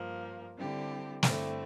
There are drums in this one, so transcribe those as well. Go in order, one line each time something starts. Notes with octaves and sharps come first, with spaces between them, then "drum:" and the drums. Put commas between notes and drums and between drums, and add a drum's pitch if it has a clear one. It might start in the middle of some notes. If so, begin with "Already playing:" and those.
Already playing: G2 F3 A#3
D3 G3 C4 E4 G4
G2 D3 A3 C4 E4, drum: snare